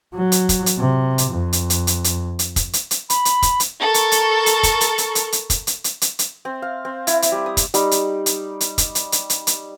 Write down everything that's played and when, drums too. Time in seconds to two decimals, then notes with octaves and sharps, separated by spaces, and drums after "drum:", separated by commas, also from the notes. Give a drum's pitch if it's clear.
0.14 F#3
0.32 drum: hi-hat
0.49 drum: kick, hi-hat
0.66 drum: hi-hat
0.78 C3
1.18 drum: hi-hat
1.31 F2
1.53 drum: hi-hat
1.70 drum: hi-hat
1.87 drum: hi-hat
2.04 drum: hi-hat
2.39 drum: hi-hat
2.56 drum: kick, hi-hat
2.73 drum: hi-hat
2.91 drum: hi-hat
3.10 B5, drum: hi-hat
3.25 drum: hi-hat
3.42 drum: kick, hi-hat
3.60 drum: hi-hat
3.81 A4 A#4 C#6
3.94 drum: hi-hat
4.12 drum: hi-hat
4.46 drum: hi-hat
4.63 drum: kick, hi-hat
4.81 drum: hi-hat
4.98 drum: hi-hat
5.15 drum: hi-hat
5.32 drum: hi-hat
5.50 drum: kick, hi-hat
5.67 drum: hi-hat
5.84 drum: hi-hat
6.01 drum: hi-hat
6.19 drum: hi-hat
6.45 C4
6.62 F5
6.85 C4
7.07 E4, drum: hi-hat
7.22 drum: hi-hat
7.32 G3
7.46 D#6
7.57 drum: kick, hi-hat
7.74 G3 D#4, drum: hi-hat
7.91 drum: hi-hat
8.26 drum: hi-hat
8.60 drum: hi-hat
8.78 drum: kick, hi-hat
8.95 drum: hi-hat
9.12 drum: hi-hat
9.30 drum: hi-hat
9.47 drum: hi-hat